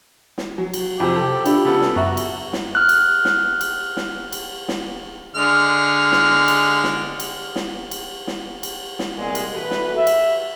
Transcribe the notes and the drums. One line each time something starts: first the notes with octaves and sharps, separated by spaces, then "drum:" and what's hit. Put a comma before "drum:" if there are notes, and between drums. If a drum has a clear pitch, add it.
drum: snare
F#3
drum: cymbal
F2 C3 G4
A4
D4 E4 F4 G4, drum: cymbal
C#3 B3 A4
drum: snare
F#2 F#4 E5 F#5 A#5
drum: cymbal
drum: snare
F6 F#6
drum: cymbal
drum: snare
drum: cymbal
drum: snare
drum: cymbal
drum: snare
D3 G#3 F6
drum: snare
drum: cymbal
drum: snare
drum: cymbal
drum: snare
drum: cymbal
drum: snare
drum: cymbal
drum: snare
C2 A#2 G#3
drum: cymbal
E3 F#4 A4 B4
drum: snare
E5
drum: cymbal